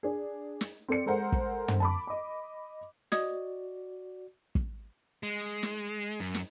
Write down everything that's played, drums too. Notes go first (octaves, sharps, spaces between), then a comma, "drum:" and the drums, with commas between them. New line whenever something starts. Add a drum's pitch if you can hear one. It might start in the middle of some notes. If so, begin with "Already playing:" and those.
D4 G#4
drum: snare
C4 A4 D5 C#7
G#3 A4 A#4 C5 F#5
drum: kick
drum: tom
A5 B5 D6
D#5 B5
F#4 D5 D#5 D#6 G#6, drum: snare
drum: kick
G#3
drum: snare
F#2
drum: snare